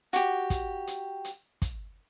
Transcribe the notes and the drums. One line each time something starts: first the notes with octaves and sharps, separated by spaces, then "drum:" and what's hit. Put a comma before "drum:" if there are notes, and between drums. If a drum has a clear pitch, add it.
F#4 G4, drum: hi-hat
drum: kick, hi-hat
drum: hi-hat
drum: hi-hat
drum: kick, hi-hat